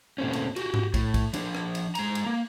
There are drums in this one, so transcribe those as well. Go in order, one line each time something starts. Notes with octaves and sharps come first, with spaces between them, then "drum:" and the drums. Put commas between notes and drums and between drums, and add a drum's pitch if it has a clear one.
B2 A3 A#3 C4 C#4
drum: cymbal
F#4 G4, drum: cymbal
drum: tom G#2
A2, drum: kick, cymbal
drum: kick, cymbal
F3 D4, drum: cymbal
drum: rim click
drum: cymbal
G#3 A#5, drum: cymbal
drum: cymbal
A#3